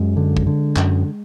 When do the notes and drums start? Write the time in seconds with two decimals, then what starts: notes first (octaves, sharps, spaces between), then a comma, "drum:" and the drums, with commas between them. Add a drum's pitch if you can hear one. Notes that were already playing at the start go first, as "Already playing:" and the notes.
Already playing: F#2 G#3
0.17 D3
0.37 drum: kick
0.47 D3
0.76 F#2, drum: clap